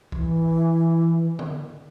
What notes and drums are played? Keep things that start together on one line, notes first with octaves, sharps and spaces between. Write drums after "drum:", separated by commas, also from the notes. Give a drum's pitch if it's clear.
E3, drum: kick
drum: tom D3